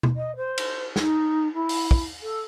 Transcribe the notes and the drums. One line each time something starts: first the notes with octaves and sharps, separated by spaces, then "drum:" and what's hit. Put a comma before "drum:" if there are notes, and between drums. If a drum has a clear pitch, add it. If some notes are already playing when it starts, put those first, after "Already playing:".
drum: tom B2
D#5
C5
drum: cymbal
D#4, drum: snare
E4
drum: open hi-hat
drum: kick
A4